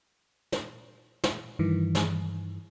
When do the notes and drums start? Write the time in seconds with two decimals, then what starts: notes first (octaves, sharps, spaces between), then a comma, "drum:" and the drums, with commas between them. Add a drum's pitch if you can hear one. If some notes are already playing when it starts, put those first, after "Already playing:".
0.52 drum: snare
1.24 drum: snare
1.59 G2 D#3 E3
1.95 drum: snare